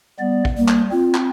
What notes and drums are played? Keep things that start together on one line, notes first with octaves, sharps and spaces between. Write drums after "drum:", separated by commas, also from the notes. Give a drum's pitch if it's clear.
G3 B3 D5
drum: kick
G3 A#3
drum: clap
C4 F4
drum: clap